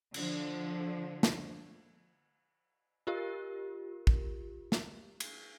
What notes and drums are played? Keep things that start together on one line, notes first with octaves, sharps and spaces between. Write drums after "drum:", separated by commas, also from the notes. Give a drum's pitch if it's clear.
D3 F3, drum: cymbal
drum: snare
F4 G4 A#4
drum: kick
drum: snare
drum: cymbal